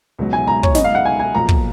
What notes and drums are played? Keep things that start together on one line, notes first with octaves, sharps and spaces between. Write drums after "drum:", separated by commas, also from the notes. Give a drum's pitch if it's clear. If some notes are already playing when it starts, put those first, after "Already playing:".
C#2 B2 F#3
G#5
A#5
C#5, drum: kick
D#5, drum: snare
F5
F#5
G#5
G#5
B1 A#2 F3 A#3 A#5
drum: kick